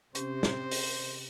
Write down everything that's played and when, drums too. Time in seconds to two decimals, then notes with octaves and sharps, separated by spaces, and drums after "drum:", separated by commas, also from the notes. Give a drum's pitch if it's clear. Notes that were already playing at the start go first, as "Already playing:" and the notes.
0.15 C3 C#4 G4 C5, drum: hi-hat
0.43 drum: snare
0.71 drum: open hi-hat